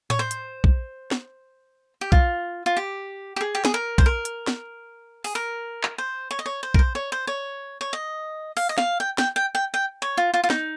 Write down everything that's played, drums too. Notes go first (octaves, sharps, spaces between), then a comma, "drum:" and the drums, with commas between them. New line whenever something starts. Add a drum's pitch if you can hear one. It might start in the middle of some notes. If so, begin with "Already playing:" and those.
C#5, drum: tom A2
C5
drum: hi-hat
drum: kick
drum: snare
G4
F4, drum: kick
F4
G4
G4
G#4
G4
G#4, drum: snare
A#4
C5, drum: kick
A#4
drum: hi-hat
drum: snare
G#4, drum: open hi-hat
A#4
drum: clap
C5
C#5
D#5
C#5
C5
A#4, drum: kick
C5
C#5
C5
C#5
C#5
D#5
F5, drum: open hi-hat
D#5
F5, drum: snare
G5
G5, drum: snare
G5
G5
G5
C#5
F4
F4
F4
D#4, drum: snare